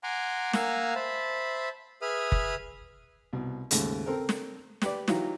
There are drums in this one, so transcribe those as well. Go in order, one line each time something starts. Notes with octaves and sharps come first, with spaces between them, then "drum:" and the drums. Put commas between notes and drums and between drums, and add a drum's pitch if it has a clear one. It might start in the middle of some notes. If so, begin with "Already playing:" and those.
F#5 G#5 A#5 C6 D6
A#3 F5 F#5 G#5 A#5 E6, drum: snare
C5 E5 A5 B5
G#4 B4 E5 D#6 F6
drum: kick F#1
C2 B2
D#2 G#2 C#3 A3, drum: hi-hat
C4 A4 A#4
drum: snare
G4 B4 D5, drum: snare
E3 F#3 D#4 F4 G4, drum: snare